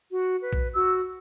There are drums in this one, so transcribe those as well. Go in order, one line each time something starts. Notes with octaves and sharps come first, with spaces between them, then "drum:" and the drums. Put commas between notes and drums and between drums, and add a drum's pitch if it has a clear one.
F#4
B4
drum: kick A#1
F#4 E6